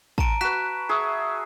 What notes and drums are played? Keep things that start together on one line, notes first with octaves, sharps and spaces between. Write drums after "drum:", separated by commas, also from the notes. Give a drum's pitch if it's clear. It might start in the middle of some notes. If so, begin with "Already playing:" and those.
A5 A#5 D7, drum: kick
F#4 B4 F#6 B6 E7
G#4 E5 C#6